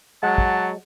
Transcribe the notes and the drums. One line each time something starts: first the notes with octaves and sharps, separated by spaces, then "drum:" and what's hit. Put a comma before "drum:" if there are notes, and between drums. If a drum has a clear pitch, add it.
F#3 G#3 F#5 A5
drum: kick